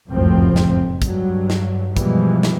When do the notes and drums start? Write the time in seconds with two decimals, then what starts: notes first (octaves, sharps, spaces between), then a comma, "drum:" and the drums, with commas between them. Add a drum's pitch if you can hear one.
0.11 F1 C#2 F#2 A2 F3 C4
0.56 drum: snare
1.02 G2 F#3, drum: kick, hi-hat
1.50 drum: snare
1.97 B2 E3 F3 G3 G#3, drum: kick, hi-hat
2.43 drum: snare